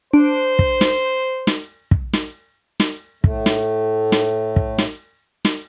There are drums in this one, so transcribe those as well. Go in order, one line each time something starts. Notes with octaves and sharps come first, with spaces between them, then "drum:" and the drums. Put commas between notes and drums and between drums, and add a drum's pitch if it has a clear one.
D4 C5
drum: kick
drum: snare
drum: snare
drum: kick
drum: snare
drum: snare
A2 A3, drum: kick
drum: snare
drum: snare
drum: kick
drum: snare
drum: snare